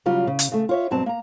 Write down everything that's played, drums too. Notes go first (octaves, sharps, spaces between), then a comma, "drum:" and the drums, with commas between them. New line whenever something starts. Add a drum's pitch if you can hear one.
C#3 F#3 G3 F4
C#3
drum: hi-hat
C#3 A3
F4 C#5 E5
G2 B2 F#3 C4 A5
A#3 A#5